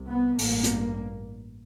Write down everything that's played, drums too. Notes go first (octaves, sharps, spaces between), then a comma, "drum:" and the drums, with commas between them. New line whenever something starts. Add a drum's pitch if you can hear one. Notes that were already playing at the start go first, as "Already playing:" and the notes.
Already playing: C2 C3
B3
A1 G2 A#3, drum: open hi-hat
drum: hi-hat